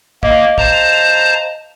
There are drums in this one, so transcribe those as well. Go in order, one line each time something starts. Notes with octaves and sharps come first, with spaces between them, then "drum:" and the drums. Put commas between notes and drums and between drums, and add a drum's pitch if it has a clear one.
A#3 D#5 F5, drum: kick
C5 A5 A#5, drum: kick